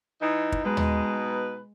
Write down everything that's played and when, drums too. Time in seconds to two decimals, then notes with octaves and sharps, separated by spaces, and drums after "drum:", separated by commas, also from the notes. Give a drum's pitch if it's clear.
0.20 E3 D#4
0.52 drum: kick
0.64 B2 G#3 D#4 B4
0.77 drum: tom D#2